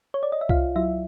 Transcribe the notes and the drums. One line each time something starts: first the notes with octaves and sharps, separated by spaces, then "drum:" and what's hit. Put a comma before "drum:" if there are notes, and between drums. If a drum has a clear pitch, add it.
C#5
D5
D#5
E5
C2 F4 F5, drum: kick C2
F#3 E4 E5